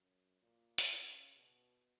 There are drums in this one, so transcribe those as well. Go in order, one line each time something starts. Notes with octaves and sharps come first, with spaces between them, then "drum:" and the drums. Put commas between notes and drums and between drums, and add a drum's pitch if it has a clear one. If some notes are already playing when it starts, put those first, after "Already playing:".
Already playing: F#2
A#2
drum: hi-hat
C#3
B2